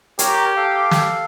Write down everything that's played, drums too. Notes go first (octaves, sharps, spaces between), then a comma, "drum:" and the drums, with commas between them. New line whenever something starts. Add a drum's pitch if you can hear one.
G4 A#4 C#5 A#5, drum: hi-hat
A4 F5
drum: snare